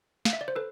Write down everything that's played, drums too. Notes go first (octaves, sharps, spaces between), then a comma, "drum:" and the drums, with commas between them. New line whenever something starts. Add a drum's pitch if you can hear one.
F5, drum: snare
E5
D5
C5
A4 B4